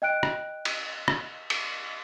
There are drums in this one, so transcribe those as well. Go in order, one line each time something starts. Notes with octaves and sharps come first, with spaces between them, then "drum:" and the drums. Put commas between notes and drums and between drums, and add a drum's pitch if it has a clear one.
D#5 G5 F#6 D7
drum: rim click
drum: cymbal
drum: rim click
drum: cymbal